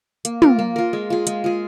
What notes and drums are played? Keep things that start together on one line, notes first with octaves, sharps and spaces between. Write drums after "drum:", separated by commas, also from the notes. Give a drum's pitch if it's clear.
A#3, drum: hi-hat
F4 A#4, drum: tom
A#3
F4 A#4
G#3
F4 G#4
G#3, drum: hi-hat
F4 G#4